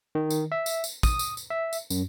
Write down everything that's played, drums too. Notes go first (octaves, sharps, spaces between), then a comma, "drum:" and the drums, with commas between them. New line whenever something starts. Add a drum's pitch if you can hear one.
D#3
drum: tambourine
E5
drum: tambourine
drum: tambourine
D#6, drum: kick, tambourine
drum: tambourine
drum: tambourine
E5
drum: tambourine
F#2, drum: tambourine